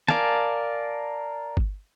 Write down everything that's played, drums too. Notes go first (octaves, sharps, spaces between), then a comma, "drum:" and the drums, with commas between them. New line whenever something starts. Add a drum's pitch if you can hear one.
A#4 D5 F5 G#5 A5, drum: snare
drum: kick G1